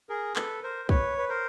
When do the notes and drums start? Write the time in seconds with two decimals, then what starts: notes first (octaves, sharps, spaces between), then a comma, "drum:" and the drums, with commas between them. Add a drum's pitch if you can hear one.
0.09 G#4 A#4
0.36 A4 B4, drum: clap
0.63 A#4 C5
0.89 B4 C#5, drum: kick
1.18 B4
1.29 A#4 C5